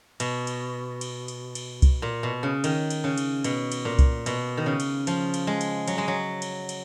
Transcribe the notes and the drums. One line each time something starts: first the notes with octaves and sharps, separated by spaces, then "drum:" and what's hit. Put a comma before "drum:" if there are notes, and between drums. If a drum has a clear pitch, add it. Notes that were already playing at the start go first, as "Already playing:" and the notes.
B2, drum: cymbal
drum: cymbal
drum: cymbal
drum: cymbal
drum: cymbal
drum: kick C2, cymbal
A#2
B2
C#3
D#3, drum: cymbal
drum: cymbal
C#3
drum: cymbal
B2, drum: cymbal
drum: cymbal
A#2
drum: kick C2, cymbal
B2, drum: cymbal
D#3
C#3
drum: cymbal
F3, drum: cymbal
drum: cymbal
G#3
drum: cymbal
F#3, drum: cymbal
G#3
F#3
drum: cymbal
drum: cymbal